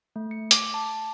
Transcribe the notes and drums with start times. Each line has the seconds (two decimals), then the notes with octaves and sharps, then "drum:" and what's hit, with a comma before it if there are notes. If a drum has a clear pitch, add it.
0.16 A3
0.31 C#7
0.51 D6, drum: hi-hat
0.74 A5